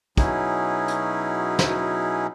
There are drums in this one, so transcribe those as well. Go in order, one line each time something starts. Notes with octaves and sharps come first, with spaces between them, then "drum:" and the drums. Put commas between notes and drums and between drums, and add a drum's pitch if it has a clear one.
B2 F#3 C#4 D#4 E4 G#4, drum: kick, hi-hat
drum: hi-hat
drum: snare